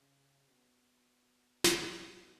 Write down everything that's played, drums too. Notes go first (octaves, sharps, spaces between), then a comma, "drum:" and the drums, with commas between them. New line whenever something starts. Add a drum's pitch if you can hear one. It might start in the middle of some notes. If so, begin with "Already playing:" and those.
Already playing: C#3
B2
drum: snare
B2